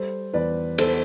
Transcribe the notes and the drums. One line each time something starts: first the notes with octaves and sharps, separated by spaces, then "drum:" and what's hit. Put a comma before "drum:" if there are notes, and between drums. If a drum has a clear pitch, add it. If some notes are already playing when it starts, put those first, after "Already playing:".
Already playing: G3 A4 C5
E2 B4 D5
E2 A4 C5, drum: cymbal